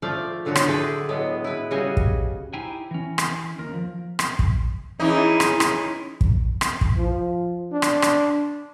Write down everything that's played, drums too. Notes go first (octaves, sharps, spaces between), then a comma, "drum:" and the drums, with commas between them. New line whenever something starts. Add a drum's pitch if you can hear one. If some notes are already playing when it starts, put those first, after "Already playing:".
F3 A3 F4 D5
A2 D3 F#3 D4 F#4
drum: rim click
G#4 A4 B4 E5 F#5 G5
A2 F#3 G#3 B3
E4 B4
C#3 G3 F#4 B4 D#5 G#5
drum: kick
D#4 E4 G4 C5 G5 G#5
E3 C#4
drum: rim click
D#2 A#4
F3
drum: rim click
drum: kick
E3 C#4 D#4 E4 G#4
drum: rim click
drum: rim click
drum: kick
drum: rim click
drum: kick
F3
D4
drum: rim click
drum: rim click